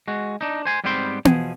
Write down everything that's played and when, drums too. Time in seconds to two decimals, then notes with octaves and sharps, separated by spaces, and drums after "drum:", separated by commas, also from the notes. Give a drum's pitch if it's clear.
0.08 G#3 F#4
0.41 D4 D#4
0.65 C5 G#5 C6
0.84 G#2 G3 B3 C4 G5 C6
1.25 B2 F3 G#4, drum: tom B3